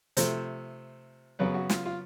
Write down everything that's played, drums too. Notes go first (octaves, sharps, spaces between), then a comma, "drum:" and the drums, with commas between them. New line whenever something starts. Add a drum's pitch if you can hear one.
C3 F3 A3 C5, drum: hi-hat
F#2 C#3 F#3 B3 B4
F#4
F4, drum: snare
F4